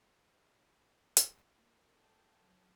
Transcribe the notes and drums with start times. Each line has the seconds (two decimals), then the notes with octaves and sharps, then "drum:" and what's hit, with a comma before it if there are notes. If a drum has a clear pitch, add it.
1.17 drum: hi-hat
1.56 A#3
1.94 A4 G5
2.37 F#3